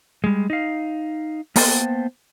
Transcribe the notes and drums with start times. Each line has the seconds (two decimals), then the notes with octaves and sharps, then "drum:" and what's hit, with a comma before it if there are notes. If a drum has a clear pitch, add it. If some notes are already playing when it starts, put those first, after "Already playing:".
0.24 G3 G#3
0.50 D#4 F5
1.56 A#3 B3 C5 G5 A5, drum: open hi-hat